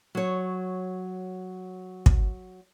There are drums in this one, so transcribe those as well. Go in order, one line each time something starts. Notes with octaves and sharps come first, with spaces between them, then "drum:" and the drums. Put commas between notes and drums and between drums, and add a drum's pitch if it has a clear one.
F#3 C#5
drum: kick